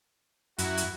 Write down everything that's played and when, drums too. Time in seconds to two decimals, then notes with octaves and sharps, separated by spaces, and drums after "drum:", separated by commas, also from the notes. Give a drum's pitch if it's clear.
0.58 F#2 E4 F#4, drum: hi-hat
0.77 drum: hi-hat